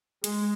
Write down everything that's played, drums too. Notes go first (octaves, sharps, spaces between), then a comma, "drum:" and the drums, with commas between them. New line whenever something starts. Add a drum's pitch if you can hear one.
G#3, drum: hi-hat